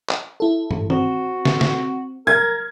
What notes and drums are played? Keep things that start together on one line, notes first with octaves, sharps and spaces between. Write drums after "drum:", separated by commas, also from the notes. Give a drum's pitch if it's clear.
drum: clap
E4 A4
drum: tom
C4 F#4, drum: tom D#3
drum: snare
drum: snare
A#4 G#6